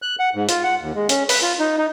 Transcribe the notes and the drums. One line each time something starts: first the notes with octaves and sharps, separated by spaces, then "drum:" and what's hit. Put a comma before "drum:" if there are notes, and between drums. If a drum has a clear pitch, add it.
F#6
F#5
G#2
F4, drum: hi-hat
F#5
D#2
G#3
C#4, drum: hi-hat
B4, drum: open hi-hat
F4
D#4
D#4